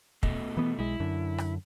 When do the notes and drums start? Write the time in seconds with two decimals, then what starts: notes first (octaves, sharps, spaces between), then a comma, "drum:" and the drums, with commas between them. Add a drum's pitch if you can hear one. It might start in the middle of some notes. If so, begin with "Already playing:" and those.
0.23 B2 A3 D#5, drum: kick
0.57 E3 B3
0.79 B1 G#3 E4
1.00 F#2 D3
1.38 drum: rim click